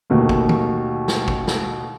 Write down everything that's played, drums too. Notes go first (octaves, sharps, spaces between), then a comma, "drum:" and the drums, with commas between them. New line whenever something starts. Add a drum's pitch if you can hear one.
D#2 B2 A3 A#3
drum: kick
drum: tom D#3
drum: snare
drum: kick
drum: snare